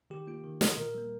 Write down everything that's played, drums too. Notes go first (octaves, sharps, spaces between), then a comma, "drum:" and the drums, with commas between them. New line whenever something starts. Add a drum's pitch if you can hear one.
D#3 G4
A#3 F4
D#3
A#3 F4, drum: snare
A#2 A#4
G3 A#3